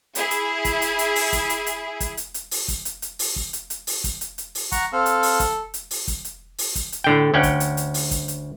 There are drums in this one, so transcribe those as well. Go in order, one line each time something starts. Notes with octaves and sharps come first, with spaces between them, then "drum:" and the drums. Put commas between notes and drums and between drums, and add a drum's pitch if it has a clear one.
E4 G#4, drum: hi-hat
drum: hi-hat
drum: kick, hi-hat
drum: hi-hat
drum: hi-hat
drum: open hi-hat
drum: kick, hi-hat
drum: hi-hat
drum: hi-hat
drum: kick, hi-hat
drum: hi-hat
drum: hi-hat
drum: open hi-hat
drum: kick, hi-hat
drum: hi-hat
drum: hi-hat
drum: open hi-hat
drum: kick
drum: hi-hat
drum: hi-hat
drum: open hi-hat
drum: kick, hi-hat
drum: hi-hat
drum: hi-hat
drum: open hi-hat
F#5 A#5 C#6, drum: kick, hi-hat
C4 A4 F5
drum: hi-hat
drum: open hi-hat
drum: kick, hi-hat
drum: hi-hat
drum: open hi-hat
drum: kick, hi-hat
drum: hi-hat
drum: open hi-hat
drum: kick, hi-hat
drum: hi-hat
A2 D3 G5
D2 C#4 F#5 G5
drum: kick, hi-hat
drum: hi-hat
drum: hi-hat
drum: open hi-hat
drum: kick, hi-hat
drum: hi-hat